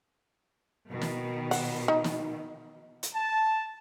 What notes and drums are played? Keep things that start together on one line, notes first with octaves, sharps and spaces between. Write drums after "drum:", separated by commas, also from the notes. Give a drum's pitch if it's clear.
B2 D#3
drum: snare
F#5, drum: open hi-hat
D#4
drum: snare
drum: hi-hat
A5